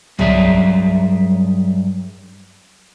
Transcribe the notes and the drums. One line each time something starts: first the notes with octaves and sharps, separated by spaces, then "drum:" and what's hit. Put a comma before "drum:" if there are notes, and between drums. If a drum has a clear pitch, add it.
G2 F#3 G#4 D5 E5, drum: tom C2